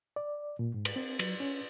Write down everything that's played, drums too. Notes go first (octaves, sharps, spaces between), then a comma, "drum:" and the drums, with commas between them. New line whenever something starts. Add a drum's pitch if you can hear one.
D5
A#2
G#2
drum: cymbal
C4
F#3, drum: cymbal
C#4